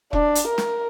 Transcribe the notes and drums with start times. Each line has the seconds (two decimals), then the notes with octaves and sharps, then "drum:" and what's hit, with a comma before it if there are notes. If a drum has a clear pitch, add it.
0.13 D4, drum: kick E1
0.35 drum: hi-hat
0.48 A#4
0.58 drum: snare